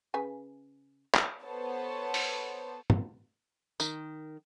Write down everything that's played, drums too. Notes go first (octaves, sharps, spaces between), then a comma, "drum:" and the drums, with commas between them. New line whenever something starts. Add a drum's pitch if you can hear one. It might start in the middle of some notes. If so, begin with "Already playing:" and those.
C#3 B4 G#5
drum: clap
B3 A4 C5 C#5 A5
drum: open hi-hat
drum: tom
D#3, drum: tambourine